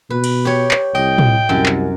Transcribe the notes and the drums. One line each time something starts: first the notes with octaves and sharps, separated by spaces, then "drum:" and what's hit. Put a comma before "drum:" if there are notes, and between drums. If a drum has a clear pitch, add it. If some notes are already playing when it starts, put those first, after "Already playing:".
B2 B4
drum: cymbal
G4 C#5
drum: clap
C2 D#5 G5
drum: tom
C2 F#2
drum: clap